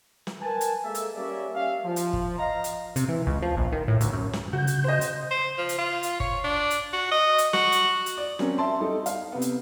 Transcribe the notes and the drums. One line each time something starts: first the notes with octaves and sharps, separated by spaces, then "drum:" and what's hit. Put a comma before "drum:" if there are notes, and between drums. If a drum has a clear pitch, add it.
drum: snare
A#4 B4 G#5 A5
drum: hi-hat
G#3 A#3 A4 E5
drum: hi-hat
G3 A#3 C#4 C#5 D5 E5
G3 C#4 E5 F5
F3
drum: hi-hat
drum: kick G1
D#5 F5 A#5
drum: hi-hat
C3, drum: hi-hat
E3
C#2
F3
A#1
D#3
A2
D2, drum: hi-hat
F#2
drum: snare
C#3 F#4 G6
drum: hi-hat
C5 D#5
drum: hi-hat
C5
F3
drum: hi-hat
F4
drum: hi-hat
C#5, drum: kick G1
D4
drum: hi-hat
F#4
D#5
drum: hi-hat
F#4, drum: snare
drum: hi-hat
drum: hi-hat
D5
F#3 A#3 C4 C#4, drum: snare
E5 A5 C6
G3 D#4 A4
F5, drum: hi-hat
C3 B3
drum: hi-hat